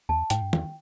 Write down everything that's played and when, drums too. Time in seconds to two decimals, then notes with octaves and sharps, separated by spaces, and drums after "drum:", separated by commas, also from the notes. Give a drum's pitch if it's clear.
0.09 E2 A5
0.30 A2 G5, drum: hi-hat
0.42 G2
0.53 E2, drum: tom